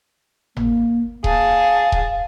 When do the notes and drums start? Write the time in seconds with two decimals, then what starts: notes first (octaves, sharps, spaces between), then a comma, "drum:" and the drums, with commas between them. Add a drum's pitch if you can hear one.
0.57 A#3, drum: tom G1
1.24 G#4 F5 A5, drum: kick D#1
1.92 drum: kick D#1